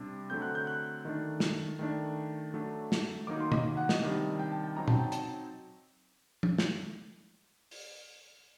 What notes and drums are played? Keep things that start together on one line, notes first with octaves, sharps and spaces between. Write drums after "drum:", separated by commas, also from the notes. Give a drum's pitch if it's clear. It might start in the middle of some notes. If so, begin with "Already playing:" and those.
Already playing: C3 G3 D4
D3 F#3 A3 C4 G6
F#6
G6
F#6
D#3 A3 D4
drum: snare
D#3 A3 D4
F#3 A3 D4
drum: snare
D#3 F#3 A#3 D#4 D6
C6
D#5, drum: tom
F#5
D#5, drum: snare
C3 D#3 G3 D4 D#5
G5
A5
G5
F#3 C4 D#4 A#5
A5, drum: tom
G5
A5, drum: hi-hat
drum: tom
drum: snare
drum: open hi-hat